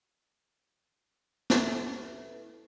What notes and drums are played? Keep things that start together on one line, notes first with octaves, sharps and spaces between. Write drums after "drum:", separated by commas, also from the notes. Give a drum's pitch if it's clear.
E4 A4 B4, drum: snare